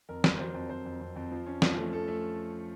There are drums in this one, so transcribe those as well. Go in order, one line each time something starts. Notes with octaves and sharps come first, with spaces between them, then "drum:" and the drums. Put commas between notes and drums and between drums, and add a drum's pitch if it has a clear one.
F2 A#4
F2, drum: snare
F#3 C5
F2
F2 C5
F2
F2
F2
F3
C#4
F3, drum: snare
A3
A3 A4
A3